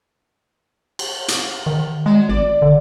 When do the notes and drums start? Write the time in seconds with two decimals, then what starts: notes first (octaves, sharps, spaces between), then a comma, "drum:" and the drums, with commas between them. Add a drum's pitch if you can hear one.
0.99 drum: cymbal
1.28 drum: hi-hat
1.66 D#3
2.06 F#3 G#3
2.29 G#1 D5
2.62 D3